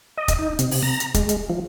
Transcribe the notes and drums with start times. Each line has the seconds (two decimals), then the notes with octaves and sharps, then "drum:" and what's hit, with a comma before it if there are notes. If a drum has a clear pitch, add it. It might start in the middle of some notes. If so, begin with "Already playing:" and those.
0.17 D#5
0.28 drum: kick, hi-hat
0.39 D#4
0.59 C3, drum: hi-hat
0.71 drum: open hi-hat
0.83 A#5
1.00 drum: hi-hat
1.14 G#3, drum: kick, hi-hat
1.29 drum: hi-hat
1.50 F3